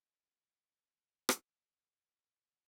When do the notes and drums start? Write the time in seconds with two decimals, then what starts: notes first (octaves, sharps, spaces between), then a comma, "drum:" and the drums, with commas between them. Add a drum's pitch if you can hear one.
0.24 B4 C5
1.29 drum: rim click